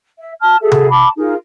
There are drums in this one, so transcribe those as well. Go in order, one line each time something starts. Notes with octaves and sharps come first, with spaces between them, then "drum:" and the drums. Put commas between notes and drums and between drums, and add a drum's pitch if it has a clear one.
E5
A5 F6
F#4 G#4 A4 E5
drum: tom C3
A5 B5 D6
D#4 F4 G#4 A#4